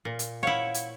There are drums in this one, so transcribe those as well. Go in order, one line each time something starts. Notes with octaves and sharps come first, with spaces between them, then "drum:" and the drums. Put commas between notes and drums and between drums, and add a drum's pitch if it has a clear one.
A#2
drum: hi-hat
E4 C5 C#5 F5 F#5
drum: hi-hat